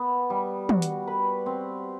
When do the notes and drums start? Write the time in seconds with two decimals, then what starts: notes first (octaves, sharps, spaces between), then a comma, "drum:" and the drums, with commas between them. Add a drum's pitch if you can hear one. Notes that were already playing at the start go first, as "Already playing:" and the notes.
Already playing: B3
0.30 G3
0.69 F#4, drum: tom
0.82 drum: hi-hat
1.07 B4
1.46 C4